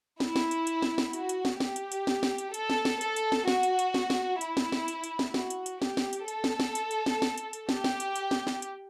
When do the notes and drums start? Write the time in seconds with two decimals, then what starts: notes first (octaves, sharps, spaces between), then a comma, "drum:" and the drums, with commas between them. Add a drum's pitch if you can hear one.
0.20 E4, drum: snare
0.36 drum: snare
0.51 drum: hi-hat
0.67 drum: hi-hat
0.82 drum: snare
0.98 drum: snare
1.13 F#4, drum: hi-hat
1.29 drum: hi-hat
1.45 drum: snare
1.60 G4, drum: snare
1.76 drum: hi-hat
1.92 drum: hi-hat
2.07 drum: snare
2.23 drum: snare
2.38 drum: hi-hat
2.54 A4, drum: hi-hat
2.70 drum: snare
2.85 drum: snare
3.01 A4, drum: hi-hat
3.16 drum: hi-hat
3.32 drum: snare
3.48 F#4, drum: snare
3.63 drum: hi-hat
3.79 drum: hi-hat
3.94 drum: snare
4.10 drum: snare
4.41 E4, drum: hi-hat
4.57 drum: snare
4.72 drum: snare
4.88 drum: hi-hat
5.04 drum: hi-hat
5.19 drum: snare
5.34 F#4, drum: snare
5.50 drum: hi-hat
5.66 drum: hi-hat
5.82 G4, drum: snare
5.97 drum: snare
6.13 drum: hi-hat
6.28 A4, drum: hi-hat
6.44 drum: snare
6.60 drum: snare
6.75 drum: hi-hat
6.91 drum: hi-hat
7.06 drum: snare
7.22 drum: snare
7.38 drum: hi-hat
7.53 drum: hi-hat
7.69 G4, drum: snare
7.84 drum: snare
8.00 drum: hi-hat
8.16 drum: hi-hat
8.31 drum: snare
8.47 drum: snare
8.62 drum: hi-hat